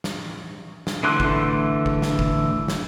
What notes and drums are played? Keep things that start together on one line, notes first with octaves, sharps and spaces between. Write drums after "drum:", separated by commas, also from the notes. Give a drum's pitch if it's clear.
drum: snare
drum: snare
D3 E3 A3 C6 F#6
drum: kick
drum: kick
drum: snare
drum: kick
drum: snare